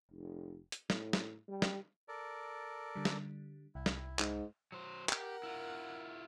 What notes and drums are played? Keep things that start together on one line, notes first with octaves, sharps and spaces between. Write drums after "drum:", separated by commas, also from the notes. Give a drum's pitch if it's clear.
F1
drum: hi-hat
A2, drum: snare
drum: snare
G3
drum: snare
A4 A#4 D5
D3 G3
drum: snare
C2 E4
drum: snare
G#2, drum: clap
F#3 C5
G4 A#4 F#5, drum: clap
E4 F4